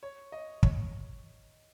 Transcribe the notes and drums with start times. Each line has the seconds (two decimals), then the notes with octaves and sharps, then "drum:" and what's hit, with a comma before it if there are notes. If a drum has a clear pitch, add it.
0.03 C#5
0.32 D#5
0.63 C#5, drum: kick